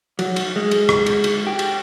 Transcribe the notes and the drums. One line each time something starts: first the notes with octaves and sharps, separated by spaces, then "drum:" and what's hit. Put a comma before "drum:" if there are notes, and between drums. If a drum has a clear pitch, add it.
F#3, drum: cymbal
drum: cymbal
G#3
drum: cymbal
drum: rim click
drum: cymbal
drum: cymbal
G4
drum: cymbal